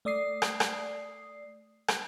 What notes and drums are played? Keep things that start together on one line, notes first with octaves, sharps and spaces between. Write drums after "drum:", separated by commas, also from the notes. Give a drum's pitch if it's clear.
A3 D5 D#6 C7
drum: rim click
drum: rim click
drum: rim click